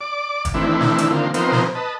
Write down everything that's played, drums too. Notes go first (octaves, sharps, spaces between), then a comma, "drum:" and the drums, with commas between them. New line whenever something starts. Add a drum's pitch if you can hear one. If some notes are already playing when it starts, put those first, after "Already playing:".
D5 D6
drum: kick, hi-hat
D#3 E3 A3 C4 D4 E4
drum: snare
drum: hi-hat
D3 D#3 A#3 C4 F4
F3 B3 C4 D#4 A#4 C5, drum: hi-hat
drum: snare
B4 D#5 A5